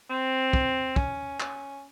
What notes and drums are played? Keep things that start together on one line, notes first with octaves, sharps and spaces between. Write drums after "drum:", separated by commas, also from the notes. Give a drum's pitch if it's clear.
C4
drum: kick
C#4, drum: kick
C#4, drum: clap